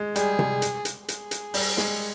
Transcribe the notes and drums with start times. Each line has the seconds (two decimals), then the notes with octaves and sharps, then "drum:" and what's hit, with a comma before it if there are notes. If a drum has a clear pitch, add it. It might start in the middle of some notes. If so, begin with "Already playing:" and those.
Already playing: G#3
0.16 G3 G#4, drum: hi-hat
0.39 drum: tom C3
0.62 drum: hi-hat
0.85 drum: hi-hat
1.08 G#4, drum: hi-hat
1.31 drum: hi-hat
1.54 G3, drum: open hi-hat
1.77 G#3, drum: snare